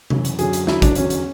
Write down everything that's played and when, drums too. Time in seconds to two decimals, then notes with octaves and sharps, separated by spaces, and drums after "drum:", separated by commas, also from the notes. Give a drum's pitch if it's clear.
0.10 F#2 C#3 E3, drum: tom C3
0.25 drum: hi-hat
0.39 F#2 D3 F#3 G#4, drum: hi-hat
0.53 drum: hi-hat
0.67 F#2 D3 F#3 E4, drum: snare
0.82 D4, drum: kick, hi-hat
0.95 E2 D3 F#3 C#4, drum: hi-hat
1.10 drum: hi-hat